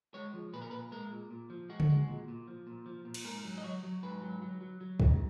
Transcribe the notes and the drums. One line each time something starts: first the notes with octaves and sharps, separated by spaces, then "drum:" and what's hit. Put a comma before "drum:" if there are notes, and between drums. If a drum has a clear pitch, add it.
G#3 C#5
F3
A#2 B4
A#4
A#2 B4
G#3 A#4
A#2
A#2
F3
G#3 F#4
drum: tom C#3
G#3
A#2
A#2
F3
A#2
F3
A#2
drum: cymbal
G#2 A#4
F#3
D#5
F#3 C#5
F#3
G#2 B4
F#3
F#3
F#3
F#3
G#2, drum: kick